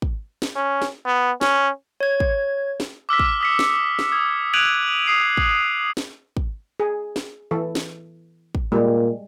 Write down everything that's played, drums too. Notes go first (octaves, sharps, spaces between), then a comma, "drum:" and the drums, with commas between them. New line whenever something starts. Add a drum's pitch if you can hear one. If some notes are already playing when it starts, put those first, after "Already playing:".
drum: kick
drum: snare
C#4
drum: snare
B3
C#4, drum: snare
C#5 G#6
drum: kick
drum: snare
D6 E6 F6 B6
drum: kick
D#6 B6 C#7
drum: snare
drum: snare
D#6 G#6
F#6 G#6 D7 D#7 F7 F#7
D#6 C7 D7
drum: kick
drum: snare
drum: kick
G#4
drum: snare
E3 A4
drum: snare
drum: kick
A#2 G3 G#3